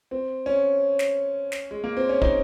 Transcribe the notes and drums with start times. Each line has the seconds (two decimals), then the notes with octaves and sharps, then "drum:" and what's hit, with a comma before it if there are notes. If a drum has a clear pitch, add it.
0.11 C4
0.46 C#4
0.99 drum: snare
1.52 drum: snare
1.71 G#3
1.84 A#3
1.97 C4
2.09 C#4
2.22 D#4, drum: kick